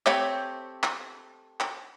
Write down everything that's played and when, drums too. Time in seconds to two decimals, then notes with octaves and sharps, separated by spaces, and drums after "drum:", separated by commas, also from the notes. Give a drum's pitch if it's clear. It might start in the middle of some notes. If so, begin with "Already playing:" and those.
0.06 A3 C4 G4 C#5 B5, drum: clap
0.83 drum: clap
1.60 drum: clap